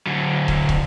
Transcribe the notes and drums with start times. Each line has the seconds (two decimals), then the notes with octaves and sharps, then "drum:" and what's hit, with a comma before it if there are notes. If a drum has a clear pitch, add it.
0.07 D3 F#3
0.48 drum: kick
0.69 drum: kick